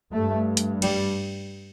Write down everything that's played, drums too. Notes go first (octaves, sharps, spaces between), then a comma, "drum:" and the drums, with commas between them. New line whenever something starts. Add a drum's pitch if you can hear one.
G2 A3
drum: hi-hat
G3, drum: cymbal